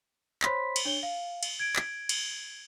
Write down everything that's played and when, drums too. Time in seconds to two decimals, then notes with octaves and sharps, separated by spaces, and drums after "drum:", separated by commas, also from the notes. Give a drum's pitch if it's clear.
0.42 C5 C#5 B5 C6 B6, drum: clap
0.76 drum: cymbal
0.85 D4 C#5 G7
1.03 F5
1.43 drum: cymbal
1.60 G#6 D7
1.76 drum: clap
2.09 drum: cymbal